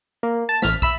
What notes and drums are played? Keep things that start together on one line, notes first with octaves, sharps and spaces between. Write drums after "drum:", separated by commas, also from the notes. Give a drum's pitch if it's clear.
A#3
A5
A1 F6 B6, drum: snare
E5 B5 E6, drum: kick